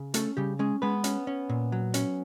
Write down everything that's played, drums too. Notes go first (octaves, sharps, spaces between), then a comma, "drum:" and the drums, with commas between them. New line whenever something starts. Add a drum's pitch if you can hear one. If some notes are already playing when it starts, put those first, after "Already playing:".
Already playing: C#3
A3 C#4 A4, drum: hi-hat
C#3 G3 G4
G#3 C#4 G#4
G#3 B3 B4
C#4, drum: hi-hat
C#4
A#2
F#3
C#4, drum: hi-hat